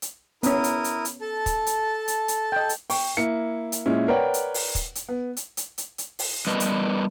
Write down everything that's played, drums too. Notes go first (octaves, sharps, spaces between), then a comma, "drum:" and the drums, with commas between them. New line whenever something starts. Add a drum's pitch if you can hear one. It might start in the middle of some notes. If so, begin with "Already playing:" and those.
drum: hi-hat
B3 C#4 E4 A#4 D#6, drum: hi-hat
drum: hi-hat
drum: hi-hat
drum: hi-hat
A4 A5
drum: kick, hi-hat
drum: hi-hat
drum: hi-hat
drum: hi-hat
D#5 G5
drum: hi-hat
G5 C#6, drum: open hi-hat
A#3 E4 C#7
drum: hi-hat
A#2 G#3 C#4 E4
A#4 B4 C#5 D5 F#5 G5
drum: hi-hat
drum: open hi-hat
drum: kick, hi-hat
drum: hi-hat
B3
drum: hi-hat
drum: hi-hat
drum: hi-hat
drum: hi-hat
drum: open hi-hat
G3 B3 A#4 B4 D#5
drum: hi-hat